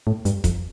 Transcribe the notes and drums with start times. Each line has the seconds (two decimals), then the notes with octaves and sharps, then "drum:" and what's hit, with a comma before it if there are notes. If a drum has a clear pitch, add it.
0.07 A2
0.25 G2, drum: hi-hat
0.44 F2, drum: kick E1, hi-hat